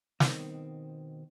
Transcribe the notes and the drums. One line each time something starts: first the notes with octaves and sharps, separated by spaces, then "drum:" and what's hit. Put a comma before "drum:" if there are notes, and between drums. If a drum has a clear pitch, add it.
B2 D#3 C4, drum: snare